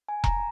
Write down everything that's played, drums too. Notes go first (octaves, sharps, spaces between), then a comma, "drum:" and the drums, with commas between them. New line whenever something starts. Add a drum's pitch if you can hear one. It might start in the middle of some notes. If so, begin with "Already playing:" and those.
G#5
A#5, drum: kick E1